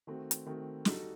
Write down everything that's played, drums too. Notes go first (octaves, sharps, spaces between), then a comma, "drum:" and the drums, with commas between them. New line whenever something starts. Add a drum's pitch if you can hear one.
D#3 A3 C4 F#4
drum: hi-hat
D#3 A3 C4 F#4
G3 D#4 F#4 A4 D#5, drum: snare